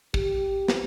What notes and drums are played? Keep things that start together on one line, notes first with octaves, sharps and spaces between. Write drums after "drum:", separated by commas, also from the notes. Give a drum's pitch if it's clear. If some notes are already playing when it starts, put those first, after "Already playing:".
G4, drum: kick
drum: snare